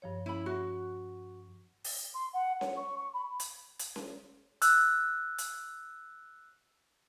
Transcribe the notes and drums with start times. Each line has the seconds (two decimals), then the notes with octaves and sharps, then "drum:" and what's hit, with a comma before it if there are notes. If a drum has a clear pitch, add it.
0.02 G2 F3 C#5
0.26 C#4 E4 B5
0.46 F#4
1.84 drum: open hi-hat
2.14 C6
2.34 F#5
2.61 C#5, drum: snare C#4
2.77 C#6
2.98 C#6
3.14 B5
3.40 drum: hi-hat
3.79 drum: hi-hat
3.96 drum: snare C#4
4.62 E6 F#6, drum: hi-hat
5.38 drum: hi-hat